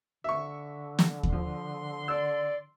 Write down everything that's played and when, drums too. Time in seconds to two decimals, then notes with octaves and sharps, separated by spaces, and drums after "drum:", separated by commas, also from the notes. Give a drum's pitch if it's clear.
0.24 D3 E5 C#6
0.99 drum: snare
1.23 drum: kick D#2
1.32 F3 C6
2.08 D5 E6